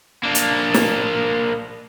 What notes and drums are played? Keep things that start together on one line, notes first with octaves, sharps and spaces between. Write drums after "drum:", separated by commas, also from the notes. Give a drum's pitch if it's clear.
A#3 D4
drum: hi-hat
drum: snare